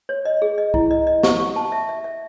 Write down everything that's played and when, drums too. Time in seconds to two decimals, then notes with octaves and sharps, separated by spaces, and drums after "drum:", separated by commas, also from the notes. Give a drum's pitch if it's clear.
0.09 C#5
0.25 D#5
0.42 G#4
0.58 D#5
0.74 E4, drum: kick C2
0.91 D#5
1.07 D#5
1.23 C#6, drum: snare
1.40 C#6
1.56 A5
1.72 E5
1.89 E5
2.04 E5